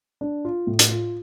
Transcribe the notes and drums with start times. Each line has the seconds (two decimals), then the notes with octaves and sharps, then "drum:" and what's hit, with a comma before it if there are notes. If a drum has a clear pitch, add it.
0.21 D4
0.45 F4
0.67 A2
0.79 drum: hi-hat
0.89 F4